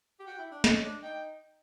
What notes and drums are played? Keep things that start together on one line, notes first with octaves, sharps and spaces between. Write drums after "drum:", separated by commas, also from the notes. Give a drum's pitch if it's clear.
G4
F#4 G5
E4
D4
C#4 D#5, drum: snare
D4
D#4 G5